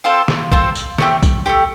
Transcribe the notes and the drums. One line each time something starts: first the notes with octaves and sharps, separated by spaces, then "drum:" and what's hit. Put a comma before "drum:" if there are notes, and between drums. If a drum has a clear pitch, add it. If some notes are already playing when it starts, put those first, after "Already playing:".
C4 F4 A4 C5
drum: snare
C4 F4 A4 C5, drum: kick
drum: tambourine
A3 C4 G4, drum: snare
drum: kick, tambourine
A3 C4 G4